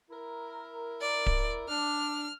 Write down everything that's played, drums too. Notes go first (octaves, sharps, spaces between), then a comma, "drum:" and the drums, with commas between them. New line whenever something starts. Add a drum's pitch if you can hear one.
E4 A#4
D5
drum: kick D1
D4 F6